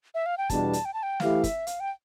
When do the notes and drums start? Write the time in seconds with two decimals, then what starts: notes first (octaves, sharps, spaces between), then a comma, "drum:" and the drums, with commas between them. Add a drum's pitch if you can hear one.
0.14 E5
0.26 F5
0.38 G5
0.50 E2 B2 G3 D4 A5, drum: kick, hi-hat
0.73 drum: hi-hat
0.85 G5
0.94 A5
1.03 G5
1.20 E3 A3 E4 G4 F5, drum: snare
1.44 E5, drum: kick, hi-hat
1.67 F5, drum: hi-hat
1.80 G5